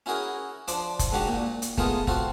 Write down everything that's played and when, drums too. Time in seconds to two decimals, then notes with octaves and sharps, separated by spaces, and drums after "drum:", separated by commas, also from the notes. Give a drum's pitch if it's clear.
0.06 C#4 E4 F#4 G#4 A#4
0.68 F3 D4 C5 D6, drum: hi-hat
0.99 drum: kick F1, hi-hat
1.12 G#2 D#3 D4 F#4 G4 A#5
1.28 A#2
1.62 drum: hi-hat
1.78 G#3 A3 B3 F4 G#4 A#4, drum: kick F1
2.07 C4 F4 F#4 A4 C5, drum: kick F1